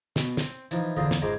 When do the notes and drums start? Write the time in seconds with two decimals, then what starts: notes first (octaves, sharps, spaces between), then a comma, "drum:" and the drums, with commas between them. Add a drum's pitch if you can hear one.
0.16 B2, drum: snare
0.37 C4, drum: snare
0.71 E3 F3 D#4, drum: hi-hat
0.97 E2 D3 F4 C5 D#5 A#5
1.11 drum: snare
1.22 C#2 G#2 G#3 C5 A#5 D6